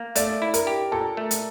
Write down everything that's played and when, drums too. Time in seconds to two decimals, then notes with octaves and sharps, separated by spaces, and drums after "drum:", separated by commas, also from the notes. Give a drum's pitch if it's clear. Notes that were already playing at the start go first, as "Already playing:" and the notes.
Already playing: A#3
0.15 A3 D5, drum: hi-hat
0.42 E4
0.54 A#4, drum: hi-hat
0.67 G4
0.92 A#2 A4
1.17 A3
1.31 drum: hi-hat